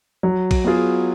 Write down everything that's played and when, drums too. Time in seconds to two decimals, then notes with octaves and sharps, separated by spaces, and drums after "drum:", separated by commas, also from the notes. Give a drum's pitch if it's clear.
0.23 F#3
0.51 drum: kick, cymbal
0.64 B3 F4 G#4